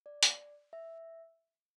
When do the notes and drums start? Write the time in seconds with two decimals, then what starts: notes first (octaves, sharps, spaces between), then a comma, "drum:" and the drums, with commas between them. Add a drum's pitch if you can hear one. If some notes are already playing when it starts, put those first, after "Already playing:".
0.06 D5
0.23 drum: hi-hat
0.73 E5